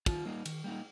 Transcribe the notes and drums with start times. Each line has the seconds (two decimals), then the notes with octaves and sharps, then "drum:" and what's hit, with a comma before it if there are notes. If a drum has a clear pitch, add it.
0.06 D#3 F4, drum: kick, cymbal
0.26 G3 A#3 D#4
0.45 D#3, drum: cymbal
0.64 G3 A#3 D#4